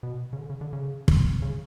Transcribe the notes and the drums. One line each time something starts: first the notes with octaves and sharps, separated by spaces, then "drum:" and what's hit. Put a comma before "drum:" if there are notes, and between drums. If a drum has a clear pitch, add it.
B2
C#3
D3
C#3
D3
C#3
drum: kick
C#3